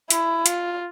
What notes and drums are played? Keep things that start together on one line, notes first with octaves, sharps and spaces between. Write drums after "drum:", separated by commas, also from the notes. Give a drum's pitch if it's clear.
E4, drum: hi-hat
F4, drum: hi-hat